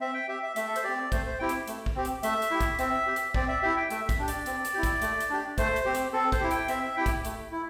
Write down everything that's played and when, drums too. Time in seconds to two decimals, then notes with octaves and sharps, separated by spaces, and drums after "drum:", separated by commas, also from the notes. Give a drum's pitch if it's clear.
0.01 C4 E5
0.14 G5
0.28 G4 E5
0.43 E5
0.56 A3 E5, drum: hi-hat
0.67 A4
0.76 C5, drum: hi-hat
0.84 C4 G4 D5
1.12 A3 C5, drum: kick, hi-hat
1.26 C5
1.39 C4 E4 G4 G5
1.49 drum: hi-hat
1.68 A3, drum: hi-hat
1.86 drum: kick
1.95 C4 G4
2.05 drum: hi-hat
2.23 A3 E5, drum: hi-hat
2.42 drum: hi-hat
2.51 E4 G4
2.61 drum: kick, hi-hat
2.79 C4 E5, drum: hi-hat
3.07 G4
3.16 drum: hi-hat
3.34 C4 D5, drum: kick
3.48 E5
3.63 E4 G4 E5
3.77 G5
3.90 A3 E5, drum: hi-hat
4.09 drum: kick, hi-hat
4.19 D4 G4
4.28 D5, drum: hi-hat
4.46 C4, drum: hi-hat
4.65 drum: hi-hat
4.74 E4 G4
4.83 drum: kick, hi-hat
5.02 A3, drum: hi-hat
5.20 drum: hi-hat
5.30 D4 G4
5.58 A3 C5, drum: kick, hi-hat
5.76 drum: hi-hat
5.85 C4 G4
5.95 drum: hi-hat
6.13 C4 A4
6.32 C5, drum: kick, hi-hat
6.40 E4 G4
6.51 G5, drum: hi-hat
6.68 C4 E5, drum: hi-hat
6.83 E5
6.97 E4 G4 G5
7.06 drum: kick, hi-hat
7.25 A3, drum: hi-hat
7.52 E4